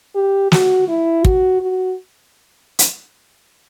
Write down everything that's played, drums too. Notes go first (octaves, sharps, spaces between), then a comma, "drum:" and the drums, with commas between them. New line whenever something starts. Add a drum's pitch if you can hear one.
G4
F#4, drum: snare
E4
F#4, drum: kick
F#4
drum: hi-hat